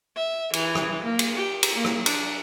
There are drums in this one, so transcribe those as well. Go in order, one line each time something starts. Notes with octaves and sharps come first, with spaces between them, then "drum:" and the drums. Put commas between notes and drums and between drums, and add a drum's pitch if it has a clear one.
E5
E3, drum: cymbal
drum: rim click
A#3
drum: cymbal
G4
drum: cymbal
A#3
drum: rim click
D4, drum: cymbal